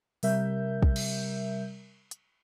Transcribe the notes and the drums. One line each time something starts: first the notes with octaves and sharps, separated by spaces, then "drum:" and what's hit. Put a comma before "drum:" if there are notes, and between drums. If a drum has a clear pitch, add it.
C3 G3 A#4 E5 G6, drum: open hi-hat
drum: kick
drum: cymbal
drum: hi-hat